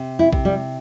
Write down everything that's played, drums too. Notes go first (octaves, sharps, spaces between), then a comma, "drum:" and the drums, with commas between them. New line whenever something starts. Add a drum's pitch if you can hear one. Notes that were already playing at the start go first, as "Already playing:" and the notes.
Already playing: C3
E4
C3, drum: kick A#1
G3